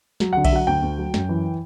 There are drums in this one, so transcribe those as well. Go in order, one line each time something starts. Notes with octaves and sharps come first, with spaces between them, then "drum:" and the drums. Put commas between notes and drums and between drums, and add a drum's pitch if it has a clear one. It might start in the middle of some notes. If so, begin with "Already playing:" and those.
F#3, drum: snare
D3 F#5
E5, drum: kick B1, cymbal
F#3 F#5
D2 G5
D2
F#3
F#2, drum: snare
E3